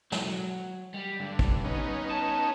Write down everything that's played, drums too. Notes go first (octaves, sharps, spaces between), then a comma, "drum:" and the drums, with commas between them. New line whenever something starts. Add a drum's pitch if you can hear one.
F#3, drum: snare
G3
G2 D3
drum: kick
B3 C#4 D#4
A5